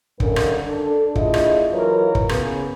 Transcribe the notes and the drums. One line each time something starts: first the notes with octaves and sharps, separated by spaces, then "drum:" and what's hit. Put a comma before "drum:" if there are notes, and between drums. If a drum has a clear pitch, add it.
G2 D3 D#3 C#4 A#4, drum: kick
drum: rim click
D4 A4
A#2 D4 E4 F4 G#4 D#5, drum: kick
drum: rim click
E3 F#3 F4 A#4 B4 C#5
drum: kick
C#3 B3 G#4, drum: rim click